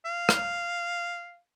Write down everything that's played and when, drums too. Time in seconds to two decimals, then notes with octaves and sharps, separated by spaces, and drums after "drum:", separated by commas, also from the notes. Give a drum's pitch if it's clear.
0.05 F5
0.29 drum: rim click